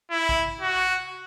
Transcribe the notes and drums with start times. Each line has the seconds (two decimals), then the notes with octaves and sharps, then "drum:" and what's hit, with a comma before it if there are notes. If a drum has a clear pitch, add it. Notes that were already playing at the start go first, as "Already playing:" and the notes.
0.10 E4
0.29 drum: kick A#1
0.61 F#4